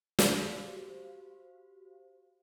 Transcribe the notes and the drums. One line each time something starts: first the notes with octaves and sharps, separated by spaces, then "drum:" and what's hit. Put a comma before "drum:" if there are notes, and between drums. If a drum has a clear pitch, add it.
F#4 G4 C5 F5, drum: snare